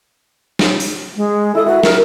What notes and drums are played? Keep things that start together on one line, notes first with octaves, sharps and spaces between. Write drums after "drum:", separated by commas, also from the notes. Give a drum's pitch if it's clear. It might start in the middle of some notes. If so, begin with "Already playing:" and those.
drum: snare
drum: open hi-hat
G#3
E4 A4 D#6
F#4 B4
A#4, drum: snare